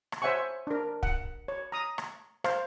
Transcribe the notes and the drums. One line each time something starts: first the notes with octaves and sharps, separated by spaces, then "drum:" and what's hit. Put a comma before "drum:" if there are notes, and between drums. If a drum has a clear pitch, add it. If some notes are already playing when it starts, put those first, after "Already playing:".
drum: rim click
C5 C#5 E5 F#5 G#5 C#6
D4 A#4
F#5, drum: kick
C#5
A#5 D#6
drum: rim click
C5 F5, drum: rim click